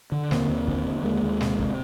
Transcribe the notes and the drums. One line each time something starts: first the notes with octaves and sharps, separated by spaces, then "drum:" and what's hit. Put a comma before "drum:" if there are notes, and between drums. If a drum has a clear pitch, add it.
D3
D#2 A#3 C4, drum: snare
D#2
D3, drum: kick
D3
B3
D#2 G#3 A#3
D#2
C3, drum: snare
C3, drum: kick